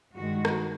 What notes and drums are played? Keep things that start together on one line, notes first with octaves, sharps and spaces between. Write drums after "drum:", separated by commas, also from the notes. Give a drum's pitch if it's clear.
G2 D#3 G#3 F#4
drum: rim click